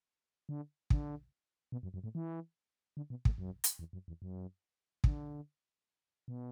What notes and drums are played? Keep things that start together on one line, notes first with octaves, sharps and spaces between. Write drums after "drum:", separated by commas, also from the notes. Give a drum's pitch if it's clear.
D3
D3, drum: kick
B2
F#2
F#2
A2
E3
D3
B2
A2, drum: kick
F#2
drum: hi-hat
E2
F#2
E2
F#2
D3, drum: kick
B2